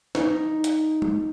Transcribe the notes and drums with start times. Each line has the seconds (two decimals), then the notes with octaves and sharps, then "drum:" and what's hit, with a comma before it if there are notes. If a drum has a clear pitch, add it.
0.15 D#4, drum: snare
0.64 drum: hi-hat
1.02 drum: tom